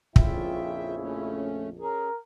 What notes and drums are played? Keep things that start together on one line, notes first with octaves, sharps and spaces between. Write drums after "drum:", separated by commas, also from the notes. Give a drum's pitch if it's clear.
A#1 F2 C#3 E4 F4 E5 G5, drum: kick
A3 C#4
C#4 G#4 A#4